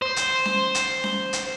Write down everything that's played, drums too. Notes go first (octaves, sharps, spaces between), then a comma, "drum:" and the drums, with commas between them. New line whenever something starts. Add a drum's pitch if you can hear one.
C5
drum: hi-hat
drum: snare C#4
drum: hi-hat
drum: snare C#4
drum: hi-hat